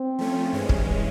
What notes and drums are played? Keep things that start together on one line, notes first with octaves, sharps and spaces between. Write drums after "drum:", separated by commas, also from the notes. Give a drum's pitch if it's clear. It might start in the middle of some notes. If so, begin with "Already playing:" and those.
Already playing: C4
F3 A3 C#4
G2 E3 G#3 C#4
drum: kick